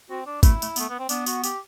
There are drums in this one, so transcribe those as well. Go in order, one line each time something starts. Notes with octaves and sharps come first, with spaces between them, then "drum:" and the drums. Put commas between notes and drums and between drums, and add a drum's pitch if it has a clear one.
C4 F#4
D4
A3 E4, drum: kick G#1, tambourine
A3, drum: tambourine
A3 B3, drum: tambourine
B3
C4
B3 D4, drum: tambourine
F#4, drum: tambourine
G4, drum: tambourine